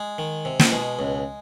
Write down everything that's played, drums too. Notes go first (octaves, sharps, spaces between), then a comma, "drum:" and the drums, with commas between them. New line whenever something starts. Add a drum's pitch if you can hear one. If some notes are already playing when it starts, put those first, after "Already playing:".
Already playing: G#3
D#3
C3
drum: snare
B2 G#3
C#2